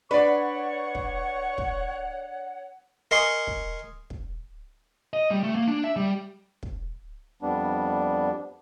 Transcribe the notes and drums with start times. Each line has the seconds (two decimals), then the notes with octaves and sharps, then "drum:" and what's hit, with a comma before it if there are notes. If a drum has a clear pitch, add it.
0.11 D4 B4 C#5 D5 F#5 C#6
0.95 drum: kick
1.58 drum: kick
3.11 A#4 D#5 G#5 C6 C#6
3.47 drum: kick
4.10 drum: kick
5.13 D#5
5.31 G3
5.44 A3
5.55 A#3
5.68 D4
5.84 E5
5.96 G3
6.63 drum: kick
7.42 F2 G3 B3 D4